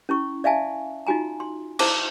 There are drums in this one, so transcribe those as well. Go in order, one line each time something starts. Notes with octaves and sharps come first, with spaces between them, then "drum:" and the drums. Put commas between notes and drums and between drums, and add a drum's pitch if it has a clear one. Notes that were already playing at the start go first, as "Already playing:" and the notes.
C#4 E4 C#6
D5 E5 F5 G#5 A5
D#4 F4 F#4 G#5 A#5
C6
E4 C5 A5 A#5 D6, drum: cymbal